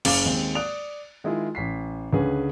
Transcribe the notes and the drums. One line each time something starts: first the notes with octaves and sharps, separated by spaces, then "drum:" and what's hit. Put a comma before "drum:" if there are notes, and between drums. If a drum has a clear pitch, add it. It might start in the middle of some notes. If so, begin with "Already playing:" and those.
F#1 C#3 C#4 F5 D6 A6, drum: cymbal
D#2 G#3 C4
D5 D#6 F#6 D7 F7
D#3 G#3 E4 F4 G#4
A1 B6 C7
C#2 D3 C#4 G#4 B4